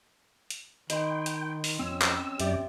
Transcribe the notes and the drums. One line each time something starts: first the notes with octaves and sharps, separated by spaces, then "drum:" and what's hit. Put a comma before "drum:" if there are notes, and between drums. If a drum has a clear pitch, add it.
drum: hi-hat
D#3 D#5 G5 B5 C6, drum: hi-hat
drum: hi-hat
drum: open hi-hat
F2 C4 C#4 C#5 E6
drum: clap
F#2 G4 D5 E5, drum: hi-hat